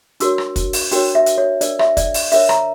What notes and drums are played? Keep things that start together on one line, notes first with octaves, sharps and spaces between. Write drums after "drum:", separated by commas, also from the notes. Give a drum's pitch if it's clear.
D4 F#4 A#4 C#5 E6, drum: hi-hat
drum: rim click
drum: kick, hi-hat
drum: open hi-hat
D4 F#4 A#4 C#5 G5, drum: hi-hat
E5
drum: hi-hat
C#5
D4 A#4 C#5 D5, drum: hi-hat
E5, drum: rim click
D5, drum: kick, hi-hat
drum: open hi-hat
D4 A#4 C#5 E5, drum: hi-hat
A#5, drum: rim click